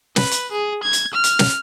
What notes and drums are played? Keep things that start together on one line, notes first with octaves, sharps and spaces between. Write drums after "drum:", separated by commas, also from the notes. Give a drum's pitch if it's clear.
B4, drum: snare
drum: hi-hat
G#4
G#6
drum: hi-hat
F6
drum: hi-hat
drum: snare